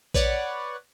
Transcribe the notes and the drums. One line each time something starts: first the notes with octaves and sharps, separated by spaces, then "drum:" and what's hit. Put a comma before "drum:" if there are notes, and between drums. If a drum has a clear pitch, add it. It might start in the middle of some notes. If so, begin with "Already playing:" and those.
B4 C#5 D5 F#5, drum: kick A#1